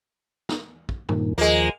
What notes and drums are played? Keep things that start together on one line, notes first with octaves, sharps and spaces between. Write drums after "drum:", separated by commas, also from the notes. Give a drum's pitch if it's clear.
drum: snare
drum: kick
G2 A#2 D#3, drum: tom
D#2 F3 G#3 A#3